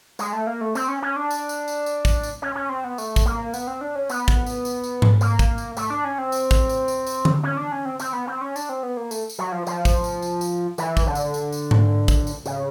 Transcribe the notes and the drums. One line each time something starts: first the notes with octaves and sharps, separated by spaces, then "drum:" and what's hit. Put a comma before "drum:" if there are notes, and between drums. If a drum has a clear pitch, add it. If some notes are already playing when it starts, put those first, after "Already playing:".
G#3, drum: tambourine
A3
A#3
A3
C4, drum: tambourine
C#4
C#4
D4
drum: tambourine
drum: tambourine
drum: tambourine
drum: tambourine
drum: kick, tambourine
drum: tambourine
C#4
C#4
C4
B3
A3, drum: tambourine
drum: kick, tambourine
A#3
B3, drum: tambourine
C4
D4
C#4
B3, drum: tambourine
drum: kick, tambourine
drum: tambourine
drum: tambourine
drum: tambourine
drum: tom G#2
A#3, drum: tambourine
drum: kick, tambourine
drum: tambourine
A3, drum: tambourine
D4
C#4
C4
drum: tambourine
drum: kick, tambourine
drum: tambourine
drum: tambourine
drum: tambourine
drum: tom D3
C#4
D4
C#4
C4
C4, drum: tambourine
B3
C4
C#4
D4, drum: tambourine
C4
B3
A#3
A3, drum: tambourine
drum: tambourine
F#3
F3
F3, drum: tambourine
drum: kick, tambourine
drum: tambourine
drum: tambourine
drum: tambourine
E3, drum: tambourine
drum: kick, tambourine
D3
drum: tambourine
drum: tambourine
drum: tambourine
drum: tom G#2
drum: kick, tambourine
drum: tambourine
C#3, drum: tambourine